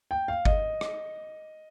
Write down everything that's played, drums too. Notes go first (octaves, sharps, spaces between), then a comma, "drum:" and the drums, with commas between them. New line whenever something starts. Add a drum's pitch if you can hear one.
G5
F5
D#5, drum: kick G1
drum: rim click